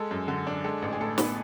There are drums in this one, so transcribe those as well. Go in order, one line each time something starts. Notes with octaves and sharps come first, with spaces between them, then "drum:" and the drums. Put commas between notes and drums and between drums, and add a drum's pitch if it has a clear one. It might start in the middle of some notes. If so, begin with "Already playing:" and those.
Already playing: G#3 A4
F#2
D3
D4
G#3 A4
A1
G#4
A2 A4
B3 B4, drum: snare